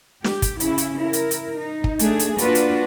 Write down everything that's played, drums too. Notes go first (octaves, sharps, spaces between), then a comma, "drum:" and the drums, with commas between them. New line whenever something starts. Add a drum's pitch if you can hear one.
G4, drum: snare
drum: kick, hi-hat
C#3 C#4 E4, drum: hi-hat
drum: hi-hat
E4 A#4
drum: hi-hat
drum: hi-hat
D#4
drum: kick
A3 D4 G#4, drum: hi-hat
drum: hi-hat
A#3 D4 F4 F#4 B4, drum: hi-hat
drum: hi-hat